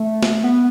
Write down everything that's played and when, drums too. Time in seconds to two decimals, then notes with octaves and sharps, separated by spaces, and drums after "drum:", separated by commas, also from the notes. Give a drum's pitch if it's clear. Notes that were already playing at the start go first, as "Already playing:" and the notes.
Already playing: A3
0.23 drum: snare
0.44 B3